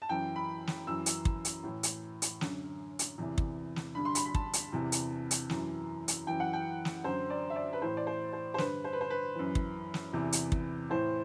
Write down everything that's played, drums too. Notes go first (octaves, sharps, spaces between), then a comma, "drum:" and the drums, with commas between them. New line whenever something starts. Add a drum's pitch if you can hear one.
A5
F#2 E3 G5
B5
drum: snare
F#2 E3 E6
drum: hi-hat
drum: kick
drum: hi-hat
A2 E3
drum: hi-hat
drum: hi-hat
F#2 D3, drum: snare
drum: hi-hat
E2 C3 E3
drum: kick
drum: snare
G2 D3 B5
C6
B5, drum: hi-hat
B5
A5, drum: kick
drum: hi-hat
E2 C3 E3
drum: hi-hat
drum: hi-hat
F#2 E3, drum: snare
drum: hi-hat
F#2 E3 G5
F#5
G5
drum: snare
F#2 D3 C5
D5
E5
D5
B4
A2 E3 C5
D5
C5
C5
C5
G2 D3 B4, drum: snare
C5
B4
C5
B4
F#2 E3
drum: kick
drum: snare
E2 C3 E3
drum: hi-hat
drum: kick
A2 E3 C5